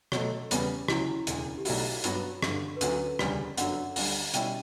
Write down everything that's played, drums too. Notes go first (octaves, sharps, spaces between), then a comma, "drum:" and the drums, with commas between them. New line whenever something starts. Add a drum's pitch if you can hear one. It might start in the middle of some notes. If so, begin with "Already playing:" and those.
B2 F#3 A3 C#5, drum: rim click
E2 C#3 G3 B3, drum: hi-hat
C#2 C#3 F#3 E4, drum: rim click
E1 D2 C#3, drum: hi-hat
G4
B1 B2 F#3 A3 E4 F#4, drum: open hi-hat
G2 F#3 B3 F#4 B4, drum: hi-hat
G1 G2 D3, drum: rim click
B4
D2 D3 F#3 C#4 A4, drum: hi-hat
E1 D2 C#3 G3, drum: rim click
G1 F#2 D3 F#3 F#5, drum: hi-hat
D2 D3 G3, drum: open hi-hat
B2 G3 C#4 E4 G5, drum: hi-hat